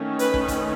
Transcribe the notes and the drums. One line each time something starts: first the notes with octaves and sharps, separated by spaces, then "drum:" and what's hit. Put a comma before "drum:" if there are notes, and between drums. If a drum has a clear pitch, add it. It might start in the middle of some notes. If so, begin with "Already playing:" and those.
Already playing: D#3 A3 C#4
B4, drum: hi-hat
drum: kick
drum: kick, hi-hat